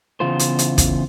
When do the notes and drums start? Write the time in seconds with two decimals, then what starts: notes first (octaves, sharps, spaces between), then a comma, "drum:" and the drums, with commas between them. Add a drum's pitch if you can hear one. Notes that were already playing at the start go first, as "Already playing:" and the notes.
0.20 E2 C#3 F4 C5
0.39 drum: hi-hat
0.59 drum: hi-hat
0.78 drum: kick, hi-hat